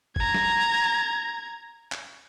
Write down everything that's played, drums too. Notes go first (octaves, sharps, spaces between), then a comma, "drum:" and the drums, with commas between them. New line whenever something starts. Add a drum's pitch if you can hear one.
A#5 G#6, drum: kick G1
drum: snare
drum: clap